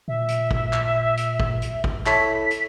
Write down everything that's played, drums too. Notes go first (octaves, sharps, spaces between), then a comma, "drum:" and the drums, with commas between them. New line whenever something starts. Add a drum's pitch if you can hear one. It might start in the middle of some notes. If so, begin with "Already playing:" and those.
A#2 E5
drum: hi-hat
drum: kick
drum: clap
drum: hi-hat
drum: kick
drum: hi-hat
drum: kick
E4 A4 C#5 B6, drum: clap
drum: hi-hat